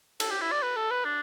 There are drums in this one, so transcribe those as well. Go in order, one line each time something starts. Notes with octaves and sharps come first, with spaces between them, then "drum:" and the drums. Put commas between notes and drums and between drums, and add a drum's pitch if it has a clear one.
A4, drum: cymbal
G4
E4
D5
B4
A4
B4
D4